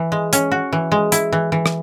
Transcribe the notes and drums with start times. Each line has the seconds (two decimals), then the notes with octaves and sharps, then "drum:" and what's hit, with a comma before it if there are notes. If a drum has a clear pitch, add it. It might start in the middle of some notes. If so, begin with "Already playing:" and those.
Already playing: E3
0.12 G#3
0.33 C#4, drum: hi-hat
0.52 F#4
0.73 E3
0.92 G#3
1.12 E4, drum: hi-hat
1.33 E3
1.52 E3
1.66 drum: rim click